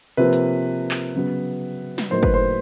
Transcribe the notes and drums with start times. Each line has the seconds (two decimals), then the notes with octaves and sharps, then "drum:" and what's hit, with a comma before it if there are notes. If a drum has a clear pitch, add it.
0.17 C3 F3 A#3 B4
0.33 drum: hi-hat
0.91 drum: clap
1.15 C#3 F#3 B3
1.98 drum: snare
2.11 A2 F#3 A#3 D#4 C5
2.23 B4, drum: kick
2.34 C5